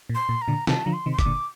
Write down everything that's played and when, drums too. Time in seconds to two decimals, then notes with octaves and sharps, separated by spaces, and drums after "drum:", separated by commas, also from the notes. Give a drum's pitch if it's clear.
0.09 A#2
0.15 C6
0.29 A#2
0.42 A#5
0.48 A#2 D3
0.67 C3 D#3 A5, drum: snare
0.85 D3 F3 A#5
0.93 C6
1.06 C3 D#3
1.12 C6
1.19 D6, drum: kick, hi-hat
1.25 A#2 D3